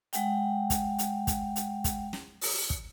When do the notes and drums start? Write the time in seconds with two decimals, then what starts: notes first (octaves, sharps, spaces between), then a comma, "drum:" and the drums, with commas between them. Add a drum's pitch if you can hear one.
0.13 G#3 F#5 G5, drum: hi-hat
0.70 drum: kick, hi-hat
0.99 drum: hi-hat
1.27 drum: kick, hi-hat
1.56 drum: hi-hat
1.84 drum: kick, hi-hat
2.13 drum: snare
2.41 drum: open hi-hat
2.70 drum: kick